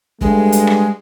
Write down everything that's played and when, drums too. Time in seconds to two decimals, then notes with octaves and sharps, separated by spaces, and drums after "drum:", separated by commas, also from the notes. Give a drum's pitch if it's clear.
0.21 G2 G#3 A3, drum: kick
0.52 drum: hi-hat
0.67 drum: rim click